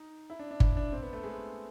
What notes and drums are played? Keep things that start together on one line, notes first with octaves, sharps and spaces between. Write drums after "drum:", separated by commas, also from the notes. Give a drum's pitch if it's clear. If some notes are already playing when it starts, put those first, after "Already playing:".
Already playing: D#4
E4
D4
D4
E4, drum: kick G1
D4
C4
B3
A3
G#3